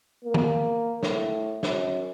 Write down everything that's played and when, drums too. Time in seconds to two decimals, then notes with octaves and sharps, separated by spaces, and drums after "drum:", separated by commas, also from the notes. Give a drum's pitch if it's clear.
0.25 A#3
0.34 drum: tom
1.03 A2, drum: snare
1.63 F#2, drum: snare